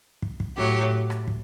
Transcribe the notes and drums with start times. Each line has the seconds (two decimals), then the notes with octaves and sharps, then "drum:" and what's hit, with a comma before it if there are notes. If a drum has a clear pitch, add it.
0.22 drum: kick
0.40 drum: kick
0.57 A2 F#3 G4
1.10 drum: rim click
1.28 drum: kick